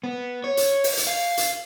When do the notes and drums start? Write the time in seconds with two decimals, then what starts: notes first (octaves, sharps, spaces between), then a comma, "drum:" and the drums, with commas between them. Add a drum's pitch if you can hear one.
0.04 B3
0.44 C#5
0.57 drum: hi-hat
0.84 drum: open hi-hat
0.97 drum: hi-hat
1.07 F5
1.37 drum: hi-hat